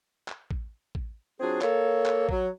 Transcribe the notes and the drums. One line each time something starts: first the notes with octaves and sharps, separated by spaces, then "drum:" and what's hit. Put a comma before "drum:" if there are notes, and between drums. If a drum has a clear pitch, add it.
drum: clap
drum: kick A1
drum: kick A1
F#3 C4 D4 F4 G#4
A#3 A4 C#5, drum: clap
drum: clap
F#3, drum: kick A1